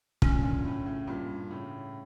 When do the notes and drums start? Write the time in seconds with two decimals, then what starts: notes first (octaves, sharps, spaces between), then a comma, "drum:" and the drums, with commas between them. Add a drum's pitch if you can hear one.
0.22 A#2 D3 C#4, drum: kick
0.43 A#2 D3
0.65 A2
0.86 A2 C#3
1.07 G2 A#2
1.51 A2 C#3